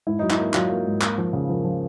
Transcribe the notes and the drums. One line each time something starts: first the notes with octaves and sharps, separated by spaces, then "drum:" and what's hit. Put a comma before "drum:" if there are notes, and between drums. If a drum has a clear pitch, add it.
G#2 E4
F#3 D#4
E4, drum: clap
A#3
F#3 F4, drum: clap
A#3
G#2
A#3, drum: clap
F3
C#3
F3 A#4
F3